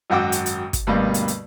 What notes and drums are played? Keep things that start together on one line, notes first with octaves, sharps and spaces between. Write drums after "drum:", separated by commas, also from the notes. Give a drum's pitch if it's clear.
G#1 F#2 F#4 G5 D6 E6
drum: hi-hat
drum: hi-hat
drum: kick, hi-hat
D2 G2 B2 G3 A#3
drum: hi-hat
drum: hi-hat